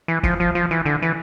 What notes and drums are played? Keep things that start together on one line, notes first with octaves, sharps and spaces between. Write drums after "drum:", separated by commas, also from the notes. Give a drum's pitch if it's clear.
E3
F3, drum: kick
F3
F3
E3
D3
E3